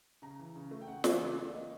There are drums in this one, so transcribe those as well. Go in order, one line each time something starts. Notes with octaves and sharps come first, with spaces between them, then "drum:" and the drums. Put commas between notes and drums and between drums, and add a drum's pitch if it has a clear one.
C#3 A#5
E3
C#3
A3
G5
C#3 F#5
E3 D5, drum: snare
C#3 D5
A3 D5
A#3 D#5